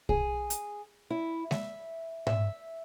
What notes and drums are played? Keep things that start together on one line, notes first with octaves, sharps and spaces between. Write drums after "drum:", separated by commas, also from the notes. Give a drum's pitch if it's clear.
G#4, drum: kick
drum: hi-hat
E4
E5, drum: snare G#3
E5, drum: tom G#2